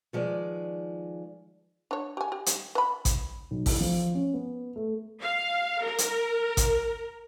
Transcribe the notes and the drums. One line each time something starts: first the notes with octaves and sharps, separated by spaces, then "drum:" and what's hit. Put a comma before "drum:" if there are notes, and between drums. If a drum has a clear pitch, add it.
D#3 F3 G#3 B4 D5
D4 C#5
G4 G#5
G4
drum: hi-hat
B4 B5
drum: kick A1, hi-hat
B1
E3, drum: kick A1, open hi-hat
F3
C#4
B3
A3
F5
A#4
drum: hi-hat
drum: kick A1, hi-hat